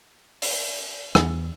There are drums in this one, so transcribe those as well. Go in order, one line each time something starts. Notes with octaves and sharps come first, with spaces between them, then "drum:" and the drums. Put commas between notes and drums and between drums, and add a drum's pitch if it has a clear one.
drum: open hi-hat
E2 B3 E4 G#4, drum: rim click